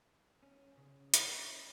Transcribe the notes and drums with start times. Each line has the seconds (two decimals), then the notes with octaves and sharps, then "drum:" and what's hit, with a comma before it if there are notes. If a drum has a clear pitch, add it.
0.43 C#4
0.77 C#3
1.14 drum: hi-hat
1.30 C#4